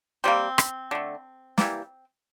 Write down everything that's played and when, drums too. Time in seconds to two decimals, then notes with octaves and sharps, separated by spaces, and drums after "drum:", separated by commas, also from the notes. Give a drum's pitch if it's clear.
0.24 C3 G3 A#3 C4
0.58 drum: rim click
0.91 D3 A3
1.58 E3 G3 A#3, drum: snare